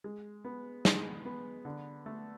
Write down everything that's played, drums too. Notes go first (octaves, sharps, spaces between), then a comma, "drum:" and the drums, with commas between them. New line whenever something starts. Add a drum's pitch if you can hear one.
G#3
B3
G#3, drum: snare
B3
D3
A3